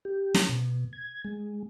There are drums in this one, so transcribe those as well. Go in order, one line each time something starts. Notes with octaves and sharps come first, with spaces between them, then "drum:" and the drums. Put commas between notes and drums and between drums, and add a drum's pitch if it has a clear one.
G4
drum: snare
B2
G#6
G#3